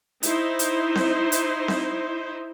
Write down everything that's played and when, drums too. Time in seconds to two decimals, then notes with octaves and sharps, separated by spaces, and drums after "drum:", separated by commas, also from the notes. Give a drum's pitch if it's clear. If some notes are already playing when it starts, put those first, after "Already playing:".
0.23 D#4 E4 C5, drum: hi-hat
0.59 drum: hi-hat
0.95 drum: snare C4
1.32 drum: hi-hat
1.68 drum: snare C4